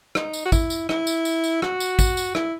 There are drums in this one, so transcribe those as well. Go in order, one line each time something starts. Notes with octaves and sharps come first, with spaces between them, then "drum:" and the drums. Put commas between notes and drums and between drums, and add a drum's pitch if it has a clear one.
D#4, drum: rim click
drum: tambourine
F#4
E4, drum: kick, tambourine
drum: tambourine
E4, drum: rim click
drum: tambourine
drum: tambourine
drum: tambourine
F#4, drum: rim click
drum: tambourine
drum: kick, tambourine
drum: tambourine
E4, drum: rim click